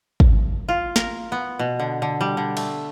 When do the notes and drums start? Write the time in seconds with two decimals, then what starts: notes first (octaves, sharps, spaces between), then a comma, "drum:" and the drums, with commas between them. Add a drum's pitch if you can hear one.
0.20 drum: kick
0.69 F4
0.96 A#4, drum: snare
1.32 B3
1.59 B2
1.80 D3
2.02 D3
2.21 G3
2.37 D3
2.57 A3, drum: cymbal